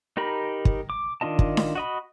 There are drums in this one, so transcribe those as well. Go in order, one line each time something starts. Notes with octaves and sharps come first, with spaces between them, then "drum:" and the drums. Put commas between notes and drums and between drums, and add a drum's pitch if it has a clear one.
D#4 G4 A#4 B5
drum: kick
D6
D#3 D4 F4 D#5 A5
drum: kick
drum: snare D4
F#4 D#5 B5